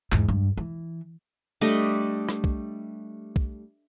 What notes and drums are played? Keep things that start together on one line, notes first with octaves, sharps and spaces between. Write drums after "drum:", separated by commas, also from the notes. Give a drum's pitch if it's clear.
E2 G#2, drum: clap
G2
E3
G3 A3 D4 D#5
drum: rim click
drum: kick
drum: kick